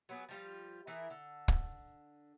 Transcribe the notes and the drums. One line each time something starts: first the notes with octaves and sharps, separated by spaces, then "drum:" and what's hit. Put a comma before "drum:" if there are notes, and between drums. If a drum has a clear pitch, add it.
F#3 B3 G#4
F3 G3 F4
E3 E4 G#4 A#4
D3
drum: kick